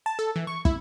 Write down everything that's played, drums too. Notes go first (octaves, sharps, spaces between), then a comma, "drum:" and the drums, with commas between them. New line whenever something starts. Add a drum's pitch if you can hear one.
A5
A4
E3
C#6
E4, drum: kick